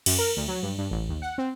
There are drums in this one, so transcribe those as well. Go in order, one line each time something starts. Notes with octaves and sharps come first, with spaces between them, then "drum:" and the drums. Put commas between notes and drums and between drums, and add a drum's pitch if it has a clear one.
F#2, drum: cymbal
A#4
D2
F#3
G2
G2
A1
D#2
F#5
C4